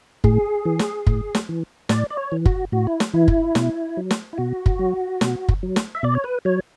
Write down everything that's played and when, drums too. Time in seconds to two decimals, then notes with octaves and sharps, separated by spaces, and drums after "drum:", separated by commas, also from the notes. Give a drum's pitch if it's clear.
0.24 A2 G#4, drum: kick
0.65 E3
0.79 drum: snare
1.07 A2, drum: kick
1.35 drum: snare
1.49 E3
1.89 A2 D5, drum: snare
2.10 D5
2.17 C#5
2.32 E3
2.46 F#4, drum: kick
2.72 A2 F#4
2.87 E4
3.00 drum: snare
3.14 E3 E4
3.28 drum: kick
3.55 B2, drum: snare
3.97 F#3
4.11 drum: snare
4.33 E4
4.38 B2 F#4
4.66 drum: kick
4.79 F#3
5.21 B2, drum: snare
5.49 drum: kick
5.63 F#3
5.76 drum: snare
5.95 E5
6.03 B2 D5
6.15 C#5
6.24 B4
6.45 F#3 C#5